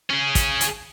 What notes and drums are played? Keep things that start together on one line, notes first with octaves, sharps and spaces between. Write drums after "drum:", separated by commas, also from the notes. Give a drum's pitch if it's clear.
C#4 G#4
drum: kick, hi-hat
drum: hi-hat